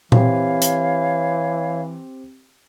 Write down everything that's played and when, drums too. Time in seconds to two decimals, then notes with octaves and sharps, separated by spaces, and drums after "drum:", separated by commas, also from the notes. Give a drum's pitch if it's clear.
0.12 E3 C4 G4 C#5 F5, drum: tom A#2
0.62 drum: hi-hat